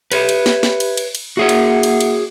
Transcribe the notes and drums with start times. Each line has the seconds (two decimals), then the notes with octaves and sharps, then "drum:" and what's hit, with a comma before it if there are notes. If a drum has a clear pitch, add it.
0.12 G4 B4 C#5 E5 B5, drum: cymbal
0.29 drum: cymbal
0.46 drum: snare
0.63 drum: snare
0.80 drum: cymbal
0.97 drum: cymbal
1.15 drum: cymbal
1.37 A#3 F#4 G#4 C#5 E5 F#5
1.49 drum: cymbal
1.83 drum: cymbal
2.01 drum: cymbal